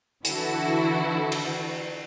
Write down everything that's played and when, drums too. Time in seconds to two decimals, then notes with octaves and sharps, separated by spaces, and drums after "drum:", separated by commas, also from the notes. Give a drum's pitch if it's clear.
0.25 D3 E3 E4 F#4 A4, drum: hi-hat
1.32 drum: cymbal